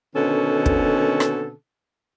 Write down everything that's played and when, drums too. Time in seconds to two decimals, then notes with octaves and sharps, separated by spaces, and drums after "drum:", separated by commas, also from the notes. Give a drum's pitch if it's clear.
0.15 B2 D3 D#3 C4 C#4 A4
0.66 drum: kick
1.20 drum: rim click